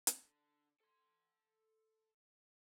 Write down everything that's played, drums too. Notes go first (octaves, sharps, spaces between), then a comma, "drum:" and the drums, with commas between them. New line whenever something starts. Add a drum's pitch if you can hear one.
drum: hi-hat
D3
A4 C6